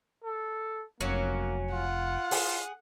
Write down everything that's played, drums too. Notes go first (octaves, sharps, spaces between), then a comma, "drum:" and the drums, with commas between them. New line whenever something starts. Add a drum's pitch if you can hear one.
A4
F1 F#3 A#3 C#4
F4 F#5
G#4, drum: open hi-hat